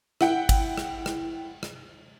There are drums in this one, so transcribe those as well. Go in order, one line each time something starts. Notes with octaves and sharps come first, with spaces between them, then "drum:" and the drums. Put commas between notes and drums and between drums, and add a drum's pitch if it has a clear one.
E4 F#5 G5, drum: rim click
drum: kick G#1, cymbal
drum: rim click
drum: rim click
drum: rim click